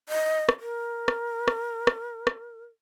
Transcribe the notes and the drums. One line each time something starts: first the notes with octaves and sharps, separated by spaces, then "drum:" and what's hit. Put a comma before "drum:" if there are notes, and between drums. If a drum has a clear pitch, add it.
D#5
drum: rim click
A#4
drum: rim click
drum: rim click
drum: rim click
drum: rim click